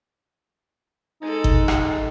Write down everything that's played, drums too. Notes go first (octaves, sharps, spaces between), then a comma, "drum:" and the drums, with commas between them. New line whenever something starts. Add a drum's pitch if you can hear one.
G#3 D#4 A4
drum: kick G1
drum: rim click